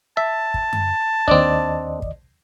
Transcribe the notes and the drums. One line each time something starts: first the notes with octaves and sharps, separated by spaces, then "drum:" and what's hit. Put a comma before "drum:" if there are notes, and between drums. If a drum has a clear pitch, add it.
E5 A5
drum: kick
drum: tom F#2
D#2 C4 D4 D5 D#5, drum: kick
drum: kick